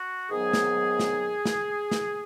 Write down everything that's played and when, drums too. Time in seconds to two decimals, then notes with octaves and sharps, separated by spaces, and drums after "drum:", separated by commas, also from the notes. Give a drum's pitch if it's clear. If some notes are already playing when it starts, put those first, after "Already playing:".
Already playing: F#4
0.30 G#2 D#3 F#3 B3 G#4
0.53 drum: snare
0.99 drum: snare
1.45 drum: snare
1.91 drum: snare